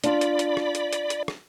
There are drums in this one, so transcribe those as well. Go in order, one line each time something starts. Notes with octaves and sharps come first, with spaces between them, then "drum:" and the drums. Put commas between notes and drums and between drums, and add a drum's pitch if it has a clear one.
D4 F4 D5 B5, drum: hi-hat
drum: hi-hat
drum: hi-hat
drum: rim click
drum: hi-hat
drum: hi-hat
drum: hi-hat
drum: rim click